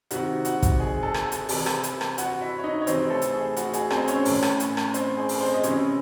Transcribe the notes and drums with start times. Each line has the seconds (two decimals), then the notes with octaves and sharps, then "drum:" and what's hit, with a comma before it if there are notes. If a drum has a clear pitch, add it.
0.11 C3 D#3 F#4 F#5, drum: hi-hat
0.45 F#4 F#5, drum: hi-hat
0.63 drum: kick, hi-hat
0.80 G#4 G#5
1.03 A4 A5
1.14 drum: rim click
1.32 drum: hi-hat
1.49 C3 E3, drum: open hi-hat
1.66 drum: rim click
1.83 drum: hi-hat
2.01 drum: rim click
2.18 F#4 F#5, drum: hi-hat
2.41 E4 E5
2.58 C#5
2.64 D#4 D#5
2.82 C#5
2.87 C3 E3 C4 C5, drum: hi-hat
3.10 A3 A4
3.22 drum: hi-hat
3.33 G#4
3.57 F#4, drum: hi-hat
3.73 G#4, drum: hi-hat
3.90 C4 C5, drum: rim click
4.08 C#4 C#5, drum: hi-hat
4.25 A2 E3, drum: open hi-hat
4.42 drum: rim click
4.60 drum: hi-hat
4.77 drum: rim click
4.94 C4 C5, drum: hi-hat
5.17 G#4
5.29 drum: open hi-hat
5.40 C4 C5
5.54 D#5
5.63 C3 E3 C#4 C#5, drum: hi-hat